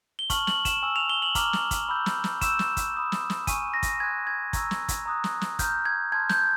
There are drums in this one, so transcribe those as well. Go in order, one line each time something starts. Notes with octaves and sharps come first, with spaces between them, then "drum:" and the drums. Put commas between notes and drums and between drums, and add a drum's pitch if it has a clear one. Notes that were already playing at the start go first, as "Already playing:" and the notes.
G7
A5 C#6 F6 F#7, drum: kick, hi-hat
F#7, drum: snare
E7, drum: kick, hi-hat
G#5 C#6 E6
F7
G7
F#7
A#5 D6 F6, drum: kick, hi-hat
drum: snare
drum: kick, hi-hat
B5 E6 G6
drum: snare
drum: snare
C#6 E6 G6 E7, drum: kick, hi-hat
drum: snare
drum: kick, hi-hat
B5 D#6 G6
drum: snare
drum: snare
G#5 C#6 F6 D#7, drum: kick, hi-hat
A#6
drum: kick, hi-hat
G#5 C6 D#6 F#6 G#6
G#6
A#5 C#6 E6, drum: kick, hi-hat
drum: snare
drum: kick, hi-hat
A#5 D#6 F#6
drum: snare
drum: snare
A#5 C#6 F6 G6, drum: kick, hi-hat
G#6
A5 C6 F6 G#6
G6, drum: snare